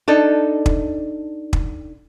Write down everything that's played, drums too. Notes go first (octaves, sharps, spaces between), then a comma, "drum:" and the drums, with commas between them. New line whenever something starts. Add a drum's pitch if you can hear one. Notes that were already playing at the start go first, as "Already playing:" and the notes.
D4 D#4 A4
drum: kick
drum: kick